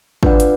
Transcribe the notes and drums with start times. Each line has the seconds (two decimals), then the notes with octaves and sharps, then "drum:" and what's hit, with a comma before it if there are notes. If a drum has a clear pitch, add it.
0.23 D4 F4 B4 D5 F#5, drum: kick
0.40 drum: hi-hat